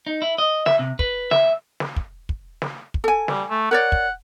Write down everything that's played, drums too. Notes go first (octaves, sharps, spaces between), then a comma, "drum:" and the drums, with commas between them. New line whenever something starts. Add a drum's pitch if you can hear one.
D#4
E4
D#5
E5, drum: snare
C3
B4, drum: kick
E5, drum: snare
drum: snare
drum: kick
drum: kick
drum: snare
drum: kick
A4 G#5
G3, drum: snare
A3
A#4 C#5 D5 F#5
drum: kick